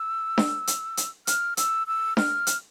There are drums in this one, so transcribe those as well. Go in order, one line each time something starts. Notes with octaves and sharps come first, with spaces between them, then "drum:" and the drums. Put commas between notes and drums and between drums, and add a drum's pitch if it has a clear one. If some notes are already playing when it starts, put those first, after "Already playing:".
Already playing: E6
drum: snare D4
drum: hi-hat
drum: hi-hat
F6, drum: hi-hat
E6, drum: hi-hat
E6
F6, drum: snare D4
drum: hi-hat